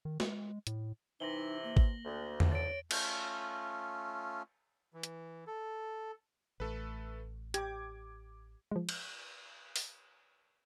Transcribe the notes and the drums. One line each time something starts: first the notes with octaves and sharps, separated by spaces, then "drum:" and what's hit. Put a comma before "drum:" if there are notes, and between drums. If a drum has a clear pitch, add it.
D#3
G#3, drum: snare
A2, drum: hi-hat
C3 E3 D#4 A#6 F#7 G7
A#3
drum: kick G#1
D2
drum: tom E2
C#5 A6 D7
A3 C#4 F4, drum: cymbal
E3
drum: hi-hat
A4
A1 A3 A4 B4
G4 D6 G#6, drum: hi-hat
F3 G#3
drum: cymbal
drum: open hi-hat